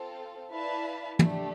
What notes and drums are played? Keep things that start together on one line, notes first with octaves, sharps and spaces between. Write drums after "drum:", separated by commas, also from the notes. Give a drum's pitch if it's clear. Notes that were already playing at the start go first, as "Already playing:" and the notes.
Already playing: C4 F4 A4 C5
E4 B4 D5 F5 A5
A3 D4 G4, drum: tom